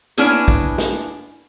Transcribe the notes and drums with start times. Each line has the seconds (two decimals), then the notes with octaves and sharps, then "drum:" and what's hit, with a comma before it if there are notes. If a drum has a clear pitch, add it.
0.17 A#3 B3 C#4 D4 E4 G#4, drum: hi-hat
0.48 drum: kick
0.78 drum: snare